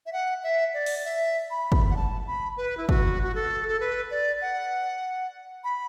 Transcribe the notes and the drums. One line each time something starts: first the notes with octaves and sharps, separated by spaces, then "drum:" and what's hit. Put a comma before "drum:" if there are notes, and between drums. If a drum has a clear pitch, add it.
E5
F#5
E5
D5
drum: open hi-hat
E5
B5
drum: kick
F#5
A5
B5
B4
E4
F#4, drum: kick
F#4
A4
A4
B4
D5
F#5
B5